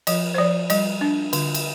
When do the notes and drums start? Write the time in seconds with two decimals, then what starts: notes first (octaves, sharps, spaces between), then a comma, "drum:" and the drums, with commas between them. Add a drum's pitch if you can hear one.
0.07 F3 D#5, drum: cymbal
0.34 C5
0.38 F3 D5
0.70 G3 D#5, drum: cymbal
1.01 D4
1.33 D3, drum: cymbal
1.54 drum: cymbal